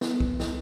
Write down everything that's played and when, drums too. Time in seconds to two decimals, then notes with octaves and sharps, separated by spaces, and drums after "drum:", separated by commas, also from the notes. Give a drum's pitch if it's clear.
0.01 B3, drum: snare
0.20 drum: kick
0.40 drum: snare